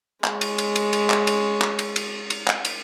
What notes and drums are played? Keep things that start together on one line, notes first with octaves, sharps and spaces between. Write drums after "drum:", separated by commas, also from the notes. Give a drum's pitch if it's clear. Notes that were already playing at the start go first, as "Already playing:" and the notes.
G#3 C#5, drum: clap
drum: cymbal
drum: cymbal
drum: cymbal
drum: cymbal
drum: clap
drum: cymbal
drum: clap
drum: cymbal
drum: cymbal
drum: cymbal
drum: clap
drum: cymbal